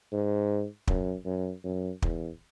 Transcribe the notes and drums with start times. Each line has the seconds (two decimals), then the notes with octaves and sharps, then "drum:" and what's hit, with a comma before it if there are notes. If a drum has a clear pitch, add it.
0.12 G#2
0.88 F#2, drum: kick
1.25 F#2
1.64 F#2
2.02 E2, drum: kick